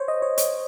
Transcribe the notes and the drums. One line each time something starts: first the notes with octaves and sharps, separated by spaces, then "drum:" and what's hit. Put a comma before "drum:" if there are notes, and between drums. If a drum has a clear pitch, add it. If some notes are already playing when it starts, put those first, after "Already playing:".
Already playing: C5 C#5
D#5
C#5
C#5, drum: hi-hat